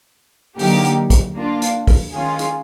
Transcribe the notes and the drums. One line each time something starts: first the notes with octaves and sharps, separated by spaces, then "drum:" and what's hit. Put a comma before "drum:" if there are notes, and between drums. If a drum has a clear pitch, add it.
D3 F#3 A#3 D#4 G4, drum: open hi-hat
drum: hi-hat
drum: kick, hi-hat
A#3 D4 F4
drum: hi-hat
drum: kick, open hi-hat
D#3 G#3 C#4 F4 G#4
drum: hi-hat